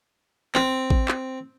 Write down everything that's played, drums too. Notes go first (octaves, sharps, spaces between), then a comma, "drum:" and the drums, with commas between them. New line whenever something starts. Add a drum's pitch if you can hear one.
C4, drum: clap
drum: kick A1
drum: clap